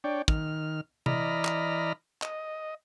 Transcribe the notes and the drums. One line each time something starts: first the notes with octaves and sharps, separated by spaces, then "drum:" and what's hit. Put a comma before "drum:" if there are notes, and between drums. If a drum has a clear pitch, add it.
D4 C#5 D5 G5
D#3 F6, drum: kick
E3 D5 D#5 A#5 B5 F6, drum: tom C3
drum: clap
D#5, drum: clap